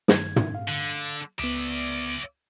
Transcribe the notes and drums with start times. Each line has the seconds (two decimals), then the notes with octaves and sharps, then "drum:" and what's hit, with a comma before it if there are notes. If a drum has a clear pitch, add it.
0.08 G2 D#3 G#6, drum: snare
0.36 drum: tom
0.55 F5
0.68 D3
1.39 C#2 B3 D5 E5